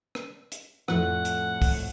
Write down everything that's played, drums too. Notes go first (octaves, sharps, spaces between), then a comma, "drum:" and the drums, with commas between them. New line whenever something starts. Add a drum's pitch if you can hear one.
drum: rim click
drum: hi-hat
F2 A2 F3 F#5, drum: rim click
drum: hi-hat
drum: kick, open hi-hat